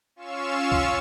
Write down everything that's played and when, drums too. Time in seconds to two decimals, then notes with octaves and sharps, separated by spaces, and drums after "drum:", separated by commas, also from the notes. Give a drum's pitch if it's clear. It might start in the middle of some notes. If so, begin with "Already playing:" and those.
0.16 C#4 F4 F5 C#6 E6 E7
0.72 drum: kick C#2